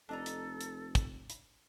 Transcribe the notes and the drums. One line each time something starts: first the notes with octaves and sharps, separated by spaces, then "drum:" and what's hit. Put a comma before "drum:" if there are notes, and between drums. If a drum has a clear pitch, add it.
F1 D4 A4 D#5 A#5
drum: hi-hat
drum: hi-hat
drum: kick, hi-hat
drum: hi-hat